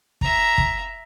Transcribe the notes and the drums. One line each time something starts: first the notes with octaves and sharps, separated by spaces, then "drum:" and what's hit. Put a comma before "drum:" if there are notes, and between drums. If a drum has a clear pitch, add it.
E5 A#5, drum: kick
drum: kick